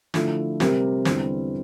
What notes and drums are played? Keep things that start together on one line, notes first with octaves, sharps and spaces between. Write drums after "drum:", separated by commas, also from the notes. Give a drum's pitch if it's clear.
D3 F3 A3 E4 A4, drum: snare
C3 G3 C4 G4 A#4, drum: snare
E2 D3 G3 C4, drum: snare